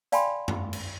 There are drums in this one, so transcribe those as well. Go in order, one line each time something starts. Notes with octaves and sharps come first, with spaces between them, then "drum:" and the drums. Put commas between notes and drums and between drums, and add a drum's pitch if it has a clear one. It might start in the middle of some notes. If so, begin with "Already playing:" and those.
D5 F5 G5 G#5 B5 C6, drum: hi-hat
drum: tom
drum: cymbal